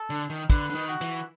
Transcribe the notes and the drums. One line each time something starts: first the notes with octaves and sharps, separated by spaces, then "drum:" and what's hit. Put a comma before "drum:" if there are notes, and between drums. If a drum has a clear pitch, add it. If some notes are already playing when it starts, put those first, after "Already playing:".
Already playing: A4
D3
D#3
D3 B4, drum: kick, hi-hat
D3
D#3
F#4
E3, drum: hi-hat